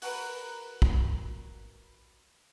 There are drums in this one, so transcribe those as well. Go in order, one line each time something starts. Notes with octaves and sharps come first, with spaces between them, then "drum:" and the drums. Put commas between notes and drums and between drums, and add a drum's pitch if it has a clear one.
F#4 A#4 B4, drum: open hi-hat
drum: kick